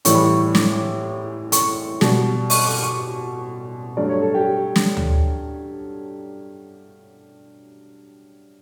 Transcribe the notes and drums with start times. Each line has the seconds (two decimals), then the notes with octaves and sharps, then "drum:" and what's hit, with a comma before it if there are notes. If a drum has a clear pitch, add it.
0.05 A2 E3 G3 C#6, drum: hi-hat
0.15 B5
0.25 C#6
0.55 D6, drum: snare
1.52 C#6, drum: hi-hat
2.01 B2 G3, drum: snare
2.50 C#6, drum: open hi-hat
2.66 D6
2.83 C#6
3.97 G2 F#3 A3 D5
4.09 C#5
4.22 A4
4.34 G4
4.76 drum: snare
4.97 drum: tom D2